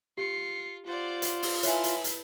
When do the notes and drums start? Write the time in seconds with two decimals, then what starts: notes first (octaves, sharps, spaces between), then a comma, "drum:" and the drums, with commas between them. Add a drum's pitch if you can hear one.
0.18 F4 G4 C7 C#7
0.86 F4 C5 D5 F#5 A6
1.22 drum: hi-hat
1.43 drum: open hi-hat
1.63 E4 A4 B4 C#5 E5 G#5, drum: hi-hat
1.84 drum: hi-hat
2.04 drum: hi-hat